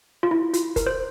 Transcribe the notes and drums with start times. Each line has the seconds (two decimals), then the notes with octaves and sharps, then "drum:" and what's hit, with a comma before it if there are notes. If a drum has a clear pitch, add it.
0.23 F4
0.31 E4
0.54 F4, drum: hi-hat
0.76 A#4, drum: kick, hi-hat
0.87 C5